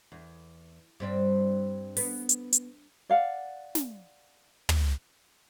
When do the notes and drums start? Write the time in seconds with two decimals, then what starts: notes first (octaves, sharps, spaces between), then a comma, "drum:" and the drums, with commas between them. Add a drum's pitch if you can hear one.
0.12 E2
1.00 G2 C4 D5
1.97 B3, drum: open hi-hat
2.29 drum: hi-hat
2.53 drum: hi-hat
3.09 D5 F5 F#5
3.75 drum: snare
4.69 drum: tom